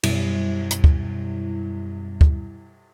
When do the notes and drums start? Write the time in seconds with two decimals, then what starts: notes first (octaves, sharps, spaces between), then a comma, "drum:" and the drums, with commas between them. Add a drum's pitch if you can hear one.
0.03 F#2 B2 G3 E4, drum: cymbal
0.71 drum: hi-hat
0.84 drum: kick
2.21 drum: kick